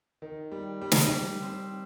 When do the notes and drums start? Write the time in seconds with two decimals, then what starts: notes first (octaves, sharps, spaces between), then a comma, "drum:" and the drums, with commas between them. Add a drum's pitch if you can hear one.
0.22 D#3
0.52 G3
0.81 G3
0.92 drum: snare
1.12 G3
1.42 C4